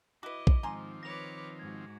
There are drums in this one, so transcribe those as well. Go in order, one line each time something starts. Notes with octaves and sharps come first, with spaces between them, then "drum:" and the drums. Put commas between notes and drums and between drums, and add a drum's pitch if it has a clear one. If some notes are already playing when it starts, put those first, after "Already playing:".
E4 F#4 B4 D#5 D6 G7
drum: kick A#1
G#2 D#3 F3 C4 G#5 A#5 C6
B4 C#5 D6 A#6 F7
G#2 F#4 G#6